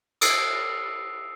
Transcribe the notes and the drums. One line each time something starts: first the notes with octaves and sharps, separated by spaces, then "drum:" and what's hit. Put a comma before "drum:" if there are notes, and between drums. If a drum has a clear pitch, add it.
D#6 E6 C7, drum: cymbal